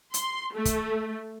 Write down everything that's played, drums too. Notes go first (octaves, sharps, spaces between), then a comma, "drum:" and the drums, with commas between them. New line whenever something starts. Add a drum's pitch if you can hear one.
C6, drum: hi-hat
A3
drum: kick, hi-hat